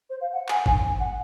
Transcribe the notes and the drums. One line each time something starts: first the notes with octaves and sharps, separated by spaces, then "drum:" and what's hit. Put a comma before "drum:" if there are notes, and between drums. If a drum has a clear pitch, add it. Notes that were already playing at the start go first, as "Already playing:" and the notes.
C5
F5
F#5
G#5, drum: clap
G#5, drum: kick G#1
G#5
F#5